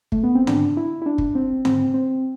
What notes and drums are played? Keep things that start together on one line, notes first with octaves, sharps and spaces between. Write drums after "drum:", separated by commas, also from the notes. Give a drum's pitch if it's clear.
A3, drum: kick
B3
C4
D4, drum: tom
E4
E4
D4
drum: kick
C4
C4, drum: tom
C4